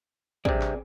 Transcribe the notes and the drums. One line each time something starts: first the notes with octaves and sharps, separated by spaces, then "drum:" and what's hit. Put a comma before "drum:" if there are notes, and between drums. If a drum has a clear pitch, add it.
G2 C3 C4 G#4 D5, drum: kick
drum: clap